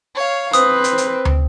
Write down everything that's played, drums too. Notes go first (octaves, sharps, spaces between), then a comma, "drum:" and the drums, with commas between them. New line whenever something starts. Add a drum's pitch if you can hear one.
C#5 F5
C4 B4 C5 D#6, drum: hi-hat
drum: hi-hat
drum: hi-hat
drum: tom D2